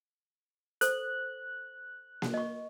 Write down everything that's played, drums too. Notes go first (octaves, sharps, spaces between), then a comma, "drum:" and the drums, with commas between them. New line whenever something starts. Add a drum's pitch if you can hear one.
A4 C5 F#6, drum: hi-hat
drum: snare A#3
D#5 C#6